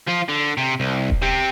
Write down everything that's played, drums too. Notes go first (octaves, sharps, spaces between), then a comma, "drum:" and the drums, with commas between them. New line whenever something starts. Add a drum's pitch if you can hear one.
F3 F4
D3
C3
C2
drum: kick D#1
C3 C4